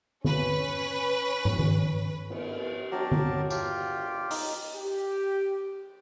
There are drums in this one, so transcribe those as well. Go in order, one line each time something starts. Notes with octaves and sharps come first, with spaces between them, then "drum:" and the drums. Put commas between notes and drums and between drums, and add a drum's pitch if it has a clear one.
C#4 B4, drum: tom D3
drum: tom
drum: tom D#3
drum: cymbal
F#3 D4 G4 A#4 C#5 A5
drum: tom D3
D4 F4 G4, drum: tambourine
D#4 D#6, drum: open hi-hat
G4